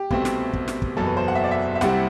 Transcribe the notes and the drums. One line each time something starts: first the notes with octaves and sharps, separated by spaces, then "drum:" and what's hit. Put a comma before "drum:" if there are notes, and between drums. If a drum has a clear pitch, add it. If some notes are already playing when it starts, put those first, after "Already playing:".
Already playing: G4
C2 B2 A3 C4, drum: kick
drum: snare
drum: kick
drum: snare
drum: kick
F#1 E2 B2 F#3 A4
B4
C5
F#5
E5
D5
E5
E5
C2 C3 G3 C4 E4 F#5, drum: snare